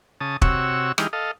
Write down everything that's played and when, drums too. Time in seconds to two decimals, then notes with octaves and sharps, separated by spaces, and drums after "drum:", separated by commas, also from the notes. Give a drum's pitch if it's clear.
0.21 C#3 A5 D#6
0.42 C3 F#4 C#5 E6, drum: kick
0.98 E3 G#3 D#4 G4 F6, drum: rim click
1.13 A4 D#5 F5